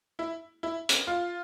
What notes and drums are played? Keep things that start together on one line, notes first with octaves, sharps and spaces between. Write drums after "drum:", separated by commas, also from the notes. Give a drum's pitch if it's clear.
E4
E4
drum: hi-hat
F4